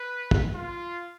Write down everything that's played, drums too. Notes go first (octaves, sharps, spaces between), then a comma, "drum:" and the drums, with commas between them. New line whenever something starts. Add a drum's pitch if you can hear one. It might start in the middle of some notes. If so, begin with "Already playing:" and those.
Already playing: B4
drum: kick
F4